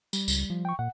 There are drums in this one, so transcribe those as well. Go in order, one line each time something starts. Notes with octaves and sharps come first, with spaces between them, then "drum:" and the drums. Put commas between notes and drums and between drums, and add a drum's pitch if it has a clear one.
G3, drum: tambourine
C#2, drum: tambourine
F3
G5 C#6
A#2 F#5